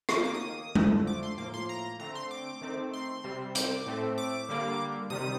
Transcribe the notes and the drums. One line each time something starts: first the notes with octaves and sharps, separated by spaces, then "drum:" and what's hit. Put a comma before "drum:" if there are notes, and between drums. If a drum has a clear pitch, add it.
D#6, drum: rim click
D#3 A#3 D6
D6
D#6
D3 F3 A3, drum: tom G#3
D6
C6
A2 F3 A#3 D6
C6
A#5
D3 A3 C4 A#5
C6
D6
D#3 A3 C4
C6
C3 G3 C4
D6, drum: hi-hat
A2 A3 C4
D6
D3 G3 A#3
C3 D#3 G3 D#6